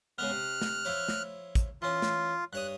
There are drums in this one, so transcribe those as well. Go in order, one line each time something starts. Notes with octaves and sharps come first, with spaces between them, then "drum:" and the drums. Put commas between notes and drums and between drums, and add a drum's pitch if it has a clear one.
C#3 G#3 B3 F6 F#6
C3
drum: snare
F3 E4 C#5
drum: snare
drum: kick, hi-hat
E3 C#4 F4
drum: snare
G2 C#5 D#6 F#6